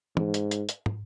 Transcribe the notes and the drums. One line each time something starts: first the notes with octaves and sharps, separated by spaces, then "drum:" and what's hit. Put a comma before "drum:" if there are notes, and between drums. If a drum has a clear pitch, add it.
G#2, drum: tom E3
drum: hi-hat
drum: hi-hat
drum: hi-hat
drum: tom